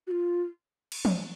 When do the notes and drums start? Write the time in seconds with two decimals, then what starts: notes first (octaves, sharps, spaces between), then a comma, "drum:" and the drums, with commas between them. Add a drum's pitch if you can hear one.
0.07 F#4
0.11 F4
0.92 drum: cymbal
1.05 drum: tom